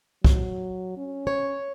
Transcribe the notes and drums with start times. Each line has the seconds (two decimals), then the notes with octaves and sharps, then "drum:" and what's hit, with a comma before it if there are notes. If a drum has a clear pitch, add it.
0.24 F#3, drum: kick
0.97 C#4
1.27 C#5